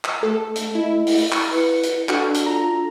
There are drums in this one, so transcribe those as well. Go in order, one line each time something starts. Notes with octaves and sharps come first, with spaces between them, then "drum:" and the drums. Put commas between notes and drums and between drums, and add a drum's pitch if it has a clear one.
drum: clap
A3 A4
drum: hi-hat
E4 D#5
drum: open hi-hat
drum: clap
E4 B4 C#7
drum: hi-hat
D4 F#4 A4, drum: clap
drum: hi-hat
F4 A#5